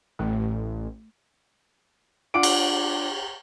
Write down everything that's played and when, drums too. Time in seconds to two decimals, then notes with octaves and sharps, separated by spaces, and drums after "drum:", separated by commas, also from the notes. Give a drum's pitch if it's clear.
0.19 A1 A3
2.34 D4 F4 F#5 D6 D7
2.43 drum: cymbal